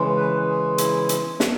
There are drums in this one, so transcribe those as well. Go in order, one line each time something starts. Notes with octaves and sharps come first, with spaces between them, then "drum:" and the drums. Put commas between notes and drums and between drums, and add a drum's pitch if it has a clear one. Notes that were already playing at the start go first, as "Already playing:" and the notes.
Already playing: C#3 E3 G#3
B4
G#4
E4, drum: hi-hat
drum: hi-hat
drum: snare